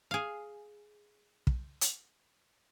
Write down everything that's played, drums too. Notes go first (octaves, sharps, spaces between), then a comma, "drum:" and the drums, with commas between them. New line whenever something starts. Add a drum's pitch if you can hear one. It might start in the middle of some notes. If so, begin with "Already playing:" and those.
G#4 F5
drum: kick
drum: hi-hat